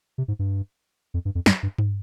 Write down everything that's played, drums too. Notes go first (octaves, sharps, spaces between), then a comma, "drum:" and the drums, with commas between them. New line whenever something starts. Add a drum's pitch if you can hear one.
C3
G#2
G2
F2
G2
F2
G2, drum: snare
G2
drum: tom G2